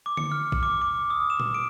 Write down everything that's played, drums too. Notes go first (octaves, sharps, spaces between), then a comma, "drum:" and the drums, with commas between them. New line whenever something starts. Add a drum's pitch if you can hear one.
D6
C#7, drum: tom D3
F6
drum: kick
D6
D6
D#6
E7
drum: tom
D7